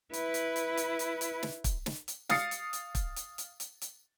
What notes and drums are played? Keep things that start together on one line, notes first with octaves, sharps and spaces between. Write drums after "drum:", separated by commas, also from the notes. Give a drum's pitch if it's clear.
E4 B4, drum: hi-hat
drum: hi-hat
drum: hi-hat
drum: hi-hat
drum: hi-hat
drum: hi-hat
drum: snare
drum: kick, hi-hat
drum: snare
drum: hi-hat
F5 D#6 A6 C7 C#7, drum: snare
drum: hi-hat
drum: hi-hat
drum: kick, hi-hat
drum: hi-hat
drum: hi-hat
drum: hi-hat
drum: hi-hat